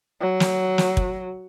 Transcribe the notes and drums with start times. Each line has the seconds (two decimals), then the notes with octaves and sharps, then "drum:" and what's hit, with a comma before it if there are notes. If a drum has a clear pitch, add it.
0.21 F#3
0.40 drum: snare
0.78 drum: snare
0.97 drum: kick